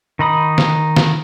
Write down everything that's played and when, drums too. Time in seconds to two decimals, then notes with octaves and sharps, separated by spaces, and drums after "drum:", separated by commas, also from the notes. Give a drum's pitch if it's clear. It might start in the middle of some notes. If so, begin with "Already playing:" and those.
0.19 D#3 D#4 B5 D#6
0.58 drum: snare
0.97 drum: snare